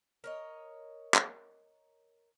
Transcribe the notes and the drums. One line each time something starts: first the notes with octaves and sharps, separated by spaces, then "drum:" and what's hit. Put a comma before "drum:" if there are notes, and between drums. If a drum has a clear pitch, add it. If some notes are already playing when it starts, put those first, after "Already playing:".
A#4 C#5 D#5
drum: clap